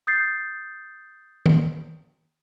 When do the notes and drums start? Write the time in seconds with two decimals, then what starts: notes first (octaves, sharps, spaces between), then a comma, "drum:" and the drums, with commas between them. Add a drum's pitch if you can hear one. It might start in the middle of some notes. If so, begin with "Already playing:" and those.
0.07 D#6 G6 A6 C7
1.46 drum: tom D#3